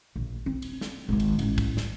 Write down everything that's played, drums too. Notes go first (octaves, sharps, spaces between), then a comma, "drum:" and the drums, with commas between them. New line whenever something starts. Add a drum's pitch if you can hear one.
A#1
C4
drum: cymbal
drum: snare
G#1 D#3
drum: cymbal
A1 G#2, drum: cymbal
drum: kick, cymbal
drum: snare